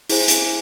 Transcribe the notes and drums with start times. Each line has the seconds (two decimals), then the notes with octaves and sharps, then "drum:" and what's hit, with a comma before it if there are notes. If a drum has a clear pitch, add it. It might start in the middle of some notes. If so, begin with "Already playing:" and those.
0.09 E4 G#4 C5 G#5, drum: open hi-hat
0.28 drum: hi-hat